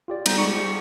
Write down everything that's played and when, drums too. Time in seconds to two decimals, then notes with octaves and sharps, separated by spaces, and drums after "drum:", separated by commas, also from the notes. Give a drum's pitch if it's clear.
0.08 F4 G4 D5
0.26 G3 B3 D#4, drum: cymbal
0.38 G3 G#3 C#6
0.53 F4